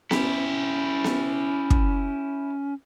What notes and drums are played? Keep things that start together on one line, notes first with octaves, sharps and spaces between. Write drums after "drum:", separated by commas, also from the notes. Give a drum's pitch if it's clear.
C#4 E4 G4, drum: snare B3
drum: snare B3
drum: kick